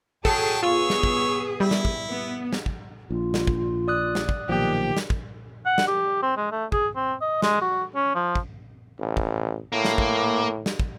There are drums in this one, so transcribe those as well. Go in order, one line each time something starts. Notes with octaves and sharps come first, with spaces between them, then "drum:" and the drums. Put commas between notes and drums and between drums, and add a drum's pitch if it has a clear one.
F#3 G#4 A4 G5 A5, drum: kick
B3 F4 G#4 C#5 E6
drum: snare
drum: kick
G3 E4
drum: snare
drum: kick
B3
drum: snare
drum: kick
A#1 F4
drum: snare
drum: kick
D5 D#6 F#6
drum: snare
drum: kick
B1 A#2 D#3 F3 G4
drum: snare
drum: kick
F#5
drum: snare
G4
C4
G#3
A3
G#4, drum: kick
C4
D#5
G#3, drum: snare
F#4
C#4
F3
drum: kick
A1
drum: kick
A2 A#3
drum: snare
drum: kick
drum: snare
drum: kick